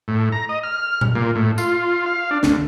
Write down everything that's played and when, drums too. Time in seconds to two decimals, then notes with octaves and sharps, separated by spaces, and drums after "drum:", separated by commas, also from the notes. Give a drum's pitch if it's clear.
0.08 A2
0.32 A#5
0.49 D#5
0.63 F6
1.01 drum: tom A#2
1.15 A#2
1.35 A2
1.58 F4, drum: tambourine
2.06 F5
2.31 D4
2.43 D2, drum: snare